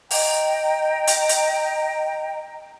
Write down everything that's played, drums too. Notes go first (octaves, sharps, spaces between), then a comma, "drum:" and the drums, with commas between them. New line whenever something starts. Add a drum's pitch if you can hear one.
D#5 G5 A#5, drum: open hi-hat
drum: hi-hat
drum: hi-hat